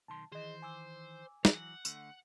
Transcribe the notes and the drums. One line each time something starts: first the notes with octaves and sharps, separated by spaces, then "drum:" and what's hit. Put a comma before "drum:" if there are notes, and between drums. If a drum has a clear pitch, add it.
B1 D#3 A5 C6
D#3 E3 G#4 C5 D#5
G#5 D6 E6
E3 F#3 F#5, drum: snare
D3 A3, drum: tambourine